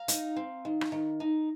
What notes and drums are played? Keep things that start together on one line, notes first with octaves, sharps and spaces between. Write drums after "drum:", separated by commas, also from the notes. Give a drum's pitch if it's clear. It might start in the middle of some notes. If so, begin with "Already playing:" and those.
Already playing: F5 A#5
D#4, drum: hi-hat
C4
D#3
drum: rim click
D#3
D#4